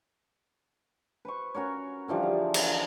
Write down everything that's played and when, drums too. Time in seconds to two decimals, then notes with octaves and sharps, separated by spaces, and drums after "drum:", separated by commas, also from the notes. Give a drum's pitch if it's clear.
1.25 B4 C5 C#6
1.55 C#4 F#4 A#4 C#5
2.08 D3 E3 F3 G3
2.23 G#4
2.54 A#4, drum: cymbal
2.72 D#5